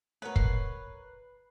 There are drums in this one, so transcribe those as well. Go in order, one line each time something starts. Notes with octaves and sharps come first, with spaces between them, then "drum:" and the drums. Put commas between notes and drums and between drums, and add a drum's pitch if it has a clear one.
A3 A#4 B4 C#5 F#5
C7, drum: kick